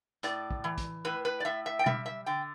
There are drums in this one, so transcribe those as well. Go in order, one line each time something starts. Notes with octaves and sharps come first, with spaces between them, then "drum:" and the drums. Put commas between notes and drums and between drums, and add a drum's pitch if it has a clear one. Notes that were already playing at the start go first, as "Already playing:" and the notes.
A2 D5, drum: hi-hat
drum: kick
E3
drum: kick, hi-hat
A2 B4
B4
D5
A2 E5
E5
G5
G3 E5, drum: tom B2
E5
D3 G5